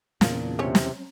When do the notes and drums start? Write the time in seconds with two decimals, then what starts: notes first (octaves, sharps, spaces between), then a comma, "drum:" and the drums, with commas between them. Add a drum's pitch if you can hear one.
0.21 E2 A#2 C#3 D4 F4, drum: snare
0.59 C3 C4 C#4 C#5
0.75 drum: snare